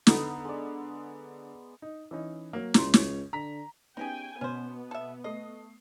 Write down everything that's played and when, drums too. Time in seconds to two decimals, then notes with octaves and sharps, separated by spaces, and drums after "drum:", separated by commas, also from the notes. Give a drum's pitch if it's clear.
0.07 D3 B3 D#4, drum: snare
0.45 G#3 D5
1.82 D#4
2.11 E3 C#4 D#4
2.53 F#3 A#3
2.74 C#2 A#5 C6, drum: snare
2.94 C#5, drum: snare
3.33 D3 A#5 B6
3.97 B3 C#4 D#4 G4 G#4 G5 G#5
4.41 B2 B3 C#4 C5
4.91 A4 E5
5.24 A3 D#5 D#6 C7